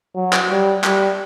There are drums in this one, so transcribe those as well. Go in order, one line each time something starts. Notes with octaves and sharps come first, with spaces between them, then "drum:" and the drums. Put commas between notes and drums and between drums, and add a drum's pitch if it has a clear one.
F#3
drum: clap
G3
G3, drum: clap